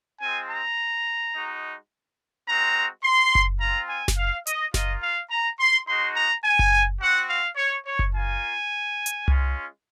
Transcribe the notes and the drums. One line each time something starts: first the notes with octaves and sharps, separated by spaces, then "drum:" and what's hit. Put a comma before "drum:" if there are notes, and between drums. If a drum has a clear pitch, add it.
G#3 C4 F4 G#5
A#5
G#3 D#4 F#4
G#3 C4 F#4 A#5
C6
drum: kick F#1
C4 F4 A#5
G#5
drum: snare F#1
F5
D#5, drum: hi-hat
A#3 F4 D#5, drum: snare F#1
F5
A#5
C6
G#3 D#4 F#4 C6
A#5
G#5
drum: kick F#1
C4 F#4 F#5
F5
C#5
C#5
drum: kick F#1
A#3 F4 G#5
drum: hi-hat
G#3 C#4 F4, drum: tom C2